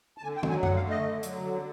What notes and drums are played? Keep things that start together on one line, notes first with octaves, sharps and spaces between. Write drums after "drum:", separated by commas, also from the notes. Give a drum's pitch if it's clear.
A5
D3 G#5
G5
F#3, drum: tom
G#5
D3 F#5, drum: tom F#2
F5
A3
D#5
D3
F#3, drum: hi-hat
D3